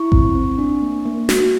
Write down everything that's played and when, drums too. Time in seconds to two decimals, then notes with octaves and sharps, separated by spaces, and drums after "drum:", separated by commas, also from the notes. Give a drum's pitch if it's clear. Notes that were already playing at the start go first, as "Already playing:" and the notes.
Already playing: E4 C#6
0.12 C4, drum: kick A1
0.35 C4
0.58 D4
0.82 A#3
1.06 A#3
1.29 F#4, drum: snare